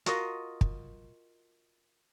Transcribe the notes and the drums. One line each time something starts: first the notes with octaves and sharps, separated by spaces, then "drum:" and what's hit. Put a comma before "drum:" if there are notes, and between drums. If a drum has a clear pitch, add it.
F4 F#4 A#4 D#5, drum: hi-hat
drum: kick